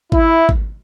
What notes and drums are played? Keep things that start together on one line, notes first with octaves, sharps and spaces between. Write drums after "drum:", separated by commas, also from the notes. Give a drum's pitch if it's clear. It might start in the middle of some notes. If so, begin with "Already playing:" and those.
E4, drum: kick G#1
drum: kick G#1